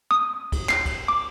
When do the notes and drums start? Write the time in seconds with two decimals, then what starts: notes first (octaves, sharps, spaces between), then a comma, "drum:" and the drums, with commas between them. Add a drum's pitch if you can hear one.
0.11 D#6
0.52 drum: kick, cymbal
0.69 C7, drum: clap
0.86 drum: kick, cymbal
1.08 D6